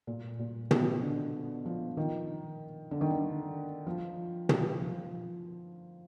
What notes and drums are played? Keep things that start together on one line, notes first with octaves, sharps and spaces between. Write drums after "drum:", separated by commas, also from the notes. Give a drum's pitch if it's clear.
A#2
A#2
B2, drum: tom
D3
F3
D#3
D3
D#3
D3
F3
drum: tom
F3